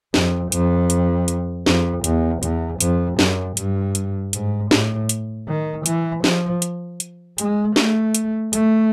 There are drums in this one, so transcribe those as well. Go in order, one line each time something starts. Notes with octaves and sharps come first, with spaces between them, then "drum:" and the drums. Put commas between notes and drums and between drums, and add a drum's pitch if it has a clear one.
F2, drum: snare
F2, drum: hi-hat
drum: hi-hat
drum: hi-hat
F2, drum: snare
E2, drum: hi-hat
E2, drum: hi-hat
F2, drum: hi-hat
F#2, drum: snare
G2, drum: hi-hat
drum: hi-hat
G#2, drum: hi-hat
A2, drum: snare
drum: hi-hat
D#3
E3, drum: hi-hat
F3, drum: snare
drum: hi-hat
drum: hi-hat
G#3, drum: hi-hat
A3, drum: snare
drum: hi-hat
A3, drum: hi-hat